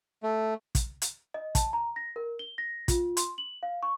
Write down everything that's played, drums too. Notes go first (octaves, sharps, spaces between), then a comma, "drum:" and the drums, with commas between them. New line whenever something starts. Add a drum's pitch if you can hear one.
A3
drum: kick, hi-hat
drum: hi-hat
D#5
A5, drum: kick, hi-hat
A#5
A#6
A#4
G7
A#6
F4, drum: kick, hi-hat
C6, drum: hi-hat
F#7
F5
C#6